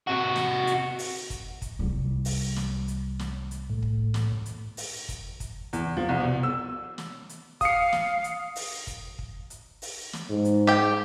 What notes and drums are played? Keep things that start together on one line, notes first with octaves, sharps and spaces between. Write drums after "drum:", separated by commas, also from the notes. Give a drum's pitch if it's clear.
C3 F#4
drum: snare
drum: hi-hat
drum: open hi-hat
drum: kick, hi-hat
drum: kick, hi-hat
C2 G3
drum: open hi-hat
drum: snare
drum: hi-hat
drum: snare
drum: hi-hat
A2
drum: kick
drum: snare
drum: hi-hat
drum: open hi-hat
drum: kick, hi-hat
drum: kick, hi-hat
E2, drum: hi-hat
F3
C2
B2
E6
drum: snare
drum: hi-hat
F5 D#6 C#7, drum: kick, hi-hat
drum: snare
drum: hi-hat
drum: open hi-hat
drum: kick, hi-hat
drum: kick
drum: hi-hat
drum: open hi-hat
drum: snare
G#2
drum: hi-hat
G4 G5